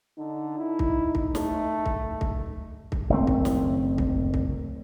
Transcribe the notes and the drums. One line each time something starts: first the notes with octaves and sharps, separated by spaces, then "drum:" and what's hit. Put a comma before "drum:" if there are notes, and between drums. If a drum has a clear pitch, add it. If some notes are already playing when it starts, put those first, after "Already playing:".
D3 D#4
E4
drum: kick
drum: kick
A3, drum: snare
drum: kick
drum: kick
drum: kick
F#1 D#3 A3 C4
drum: kick
drum: snare
drum: kick
drum: kick